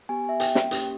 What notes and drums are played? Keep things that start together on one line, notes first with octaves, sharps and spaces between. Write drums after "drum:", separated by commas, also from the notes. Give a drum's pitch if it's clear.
B3 G4 G#5
E5
G5, drum: hi-hat
drum: snare
A#3 C#4 G4, drum: hi-hat